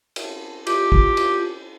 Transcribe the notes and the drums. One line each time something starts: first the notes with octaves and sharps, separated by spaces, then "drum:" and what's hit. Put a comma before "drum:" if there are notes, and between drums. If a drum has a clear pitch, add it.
drum: cymbal
F4 G4, drum: cymbal
drum: kick
drum: cymbal